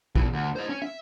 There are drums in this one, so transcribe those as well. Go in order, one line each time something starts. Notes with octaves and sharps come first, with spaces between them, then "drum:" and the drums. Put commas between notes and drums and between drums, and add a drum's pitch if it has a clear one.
B2 E3, drum: kick A#1
D2
C5 D#5
C#4
E5